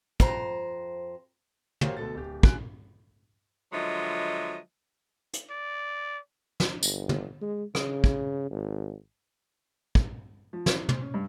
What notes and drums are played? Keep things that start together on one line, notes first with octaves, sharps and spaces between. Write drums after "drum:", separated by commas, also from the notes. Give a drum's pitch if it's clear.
F2 C5 A#5, drum: kick
F#4 G4 A#4 C5 C#5 F5, drum: tom
D2 B2 A4 A6
D1 G4
C#3 F#3 G#5 F#6 D7, drum: kick
D3 F3 F#3 G#3 D#5 E5
drum: hi-hat
D5
drum: snare
G1, drum: tambourine
drum: tom
G#3
C#3, drum: rim click
drum: kick
G#1
drum: kick
F3
E3, drum: snare
C5, drum: tom
C#4
G2